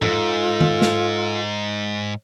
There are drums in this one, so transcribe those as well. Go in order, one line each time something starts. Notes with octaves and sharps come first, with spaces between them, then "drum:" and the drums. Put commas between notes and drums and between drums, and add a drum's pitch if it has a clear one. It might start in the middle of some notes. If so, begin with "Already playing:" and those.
G#2 F4 A4, drum: tom G#2
drum: tom D#3
drum: snare